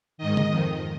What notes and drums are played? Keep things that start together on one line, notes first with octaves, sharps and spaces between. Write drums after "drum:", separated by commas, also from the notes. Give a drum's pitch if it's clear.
G#2 D#3 D#5
drum: tom
F2 D#3